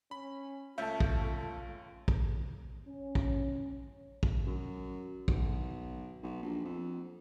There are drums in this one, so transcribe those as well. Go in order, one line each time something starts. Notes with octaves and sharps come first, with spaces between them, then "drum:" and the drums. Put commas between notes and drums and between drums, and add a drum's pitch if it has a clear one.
C#4 B5
C#2 A3 C#4 F4 E5 A5 G6
drum: kick
drum: kick
C#4
drum: kick
drum: kick
F#2
B1, drum: kick
B1
A#1
F2